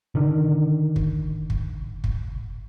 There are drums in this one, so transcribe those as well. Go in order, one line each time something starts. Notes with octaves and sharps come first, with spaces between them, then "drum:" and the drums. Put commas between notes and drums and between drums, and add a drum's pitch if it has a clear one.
D3 D#3
drum: kick
drum: kick
drum: kick